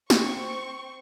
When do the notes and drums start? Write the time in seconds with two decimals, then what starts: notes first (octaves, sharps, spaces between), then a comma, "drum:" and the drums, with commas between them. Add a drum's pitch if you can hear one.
0.10 C4 C#6, drum: snare